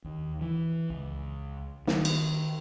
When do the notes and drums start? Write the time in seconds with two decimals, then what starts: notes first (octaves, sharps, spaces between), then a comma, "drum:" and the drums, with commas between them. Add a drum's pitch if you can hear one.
0.04 D#2
0.41 E3
0.90 C#2
1.87 D#3, drum: snare
2.05 drum: cymbal